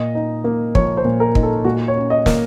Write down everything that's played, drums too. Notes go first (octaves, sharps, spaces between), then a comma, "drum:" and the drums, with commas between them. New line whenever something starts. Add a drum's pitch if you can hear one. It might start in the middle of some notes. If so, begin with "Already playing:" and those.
Already playing: A#2 D#5
D#4
A#3
F3 C#5, drum: kick
C5
A#2
A#4
D#4, drum: kick
A4
A#2 F#4
C#5
C#4
D#5
A#3, drum: snare